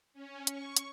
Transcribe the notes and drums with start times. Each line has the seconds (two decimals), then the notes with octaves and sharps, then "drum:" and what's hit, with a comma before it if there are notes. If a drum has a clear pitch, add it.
0.13 C#4
0.47 C#6, drum: hi-hat
0.76 drum: hi-hat